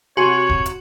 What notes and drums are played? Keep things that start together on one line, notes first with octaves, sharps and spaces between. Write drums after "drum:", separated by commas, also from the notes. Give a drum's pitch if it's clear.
C3 F#4 C#5 G#5 C6
drum: kick
drum: hi-hat